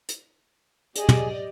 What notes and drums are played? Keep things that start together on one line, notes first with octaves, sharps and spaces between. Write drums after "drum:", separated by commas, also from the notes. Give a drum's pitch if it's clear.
drum: hi-hat
G4 G#4 D5 D#5, drum: hi-hat
drum: tom